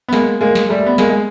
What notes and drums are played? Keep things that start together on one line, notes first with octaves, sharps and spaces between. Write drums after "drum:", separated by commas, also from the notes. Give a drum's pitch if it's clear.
B3
G#3 A#3, drum: snare
G#3 A#3
drum: snare
G3 A3
B3
G#3 A#3, drum: snare
G#3